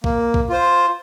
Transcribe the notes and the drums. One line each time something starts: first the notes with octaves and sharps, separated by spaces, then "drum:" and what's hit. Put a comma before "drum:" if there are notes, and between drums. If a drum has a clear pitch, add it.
A#3, drum: kick B1
drum: kick B1
F4 C5